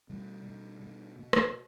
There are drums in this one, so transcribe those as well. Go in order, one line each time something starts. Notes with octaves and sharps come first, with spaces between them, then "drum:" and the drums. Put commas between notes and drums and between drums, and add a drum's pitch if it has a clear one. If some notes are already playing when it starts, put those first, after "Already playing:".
B2 G3
B2
B2
B2
drum: rim click